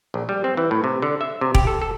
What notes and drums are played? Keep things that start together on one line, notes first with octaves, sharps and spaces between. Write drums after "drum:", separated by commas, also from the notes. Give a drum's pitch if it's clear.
A#1
G3
C4
E3
A2
C3
D3
E5
C3
G4, drum: kick E1
A4
A4